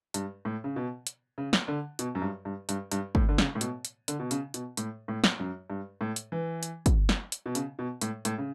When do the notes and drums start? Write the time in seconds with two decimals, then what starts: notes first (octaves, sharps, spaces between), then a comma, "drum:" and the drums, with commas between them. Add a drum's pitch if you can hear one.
0.14 G2, drum: hi-hat
0.45 A2
0.64 C#3
0.76 B2
1.07 drum: hi-hat
1.38 C#3
1.53 drum: snare
1.68 D3
1.99 B2, drum: hi-hat
2.15 F#2
2.22 G2
2.45 G2
2.69 G2, drum: hi-hat
2.92 G2, drum: hi-hat
3.15 A2, drum: kick
3.29 D3
3.38 C#3, drum: snare
3.55 A2
3.61 B2, drum: hi-hat
3.85 drum: hi-hat
4.08 D3, drum: hi-hat
4.19 B2
4.31 C#3, drum: hi-hat
4.54 B2, drum: hi-hat
4.77 A2, drum: hi-hat
5.08 A2
5.24 drum: snare
5.40 F#2
5.70 G2
6.01 A2
6.16 drum: hi-hat
6.32 E3
6.63 drum: hi-hat
6.86 drum: kick, hi-hat
7.09 drum: snare
7.32 drum: hi-hat
7.46 B2
7.55 C#3, drum: hi-hat
7.79 B2
8.01 A2, drum: hi-hat
8.25 A2, drum: hi-hat
8.38 C#3